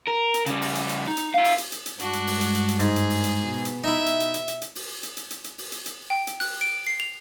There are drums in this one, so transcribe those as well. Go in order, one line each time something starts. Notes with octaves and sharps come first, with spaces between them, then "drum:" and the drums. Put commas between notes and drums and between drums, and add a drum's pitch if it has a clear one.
A#4
drum: hi-hat
C#3 G3, drum: hi-hat
drum: open hi-hat
drum: hi-hat
drum: hi-hat
D#4
drum: hi-hat
E4 F5
drum: open hi-hat
drum: hi-hat
drum: hi-hat
drum: hi-hat
G2 G#3 D4 F#4, drum: hi-hat
drum: hi-hat
drum: open hi-hat
drum: hi-hat
drum: hi-hat
drum: hi-hat
G#2 G#4, drum: hi-hat
drum: hi-hat
drum: open hi-hat
drum: hi-hat
B2 B3
drum: hi-hat
D#4 E4 E5
drum: hi-hat
drum: hi-hat
drum: hi-hat
drum: hi-hat
drum: hi-hat
drum: open hi-hat
drum: hi-hat
drum: hi-hat
drum: hi-hat
drum: hi-hat
drum: open hi-hat
drum: hi-hat
drum: hi-hat
G5
drum: hi-hat
F#6, drum: open hi-hat
D7
C7
F7